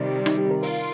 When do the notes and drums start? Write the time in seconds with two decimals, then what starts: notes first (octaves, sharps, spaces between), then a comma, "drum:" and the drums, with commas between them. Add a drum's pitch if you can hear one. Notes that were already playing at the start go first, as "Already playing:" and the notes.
Already playing: C3 D#3 G3 D5
0.26 D#4, drum: rim click
0.38 G4
0.51 A#4
0.63 F4 A#4, drum: open hi-hat